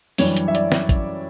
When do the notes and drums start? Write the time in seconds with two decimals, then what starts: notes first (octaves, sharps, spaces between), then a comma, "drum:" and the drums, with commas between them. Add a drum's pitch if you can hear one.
0.18 F#2 E3 G3 D4 C#5, drum: open hi-hat
0.37 drum: hi-hat
0.48 E5
0.55 D5, drum: hi-hat
0.72 drum: snare
0.89 drum: kick A1, hi-hat